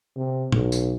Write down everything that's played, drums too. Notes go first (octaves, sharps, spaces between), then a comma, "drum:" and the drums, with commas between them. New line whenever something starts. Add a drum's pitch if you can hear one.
C3
B1, drum: tom A2
drum: tambourine